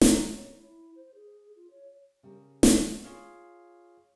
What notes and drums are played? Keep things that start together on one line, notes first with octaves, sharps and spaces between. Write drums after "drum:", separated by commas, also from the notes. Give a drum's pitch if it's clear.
A#5, drum: snare
C#5
E4
C5
G#4
F4
C#5
C#3 G3 G4 A#4
drum: snare
F4 G#4 C#5 F5